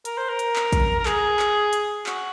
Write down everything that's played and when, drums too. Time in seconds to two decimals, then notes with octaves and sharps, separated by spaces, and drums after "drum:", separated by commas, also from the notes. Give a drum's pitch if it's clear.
0.05 A#4, drum: hi-hat
0.18 C5
0.29 A#4
0.39 drum: hi-hat
0.56 drum: clap
0.72 drum: kick, hi-hat
0.99 A#4
1.06 G#4, drum: clap
1.39 drum: clap
1.73 drum: hi-hat
2.06 F#4, drum: clap